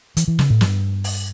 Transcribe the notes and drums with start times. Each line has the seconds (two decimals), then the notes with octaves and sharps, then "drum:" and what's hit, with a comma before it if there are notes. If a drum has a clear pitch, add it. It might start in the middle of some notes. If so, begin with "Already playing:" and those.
0.17 E3, drum: hi-hat
0.28 E3
0.39 C#3, drum: snare
0.50 A2
0.61 G2, drum: snare
1.04 drum: open hi-hat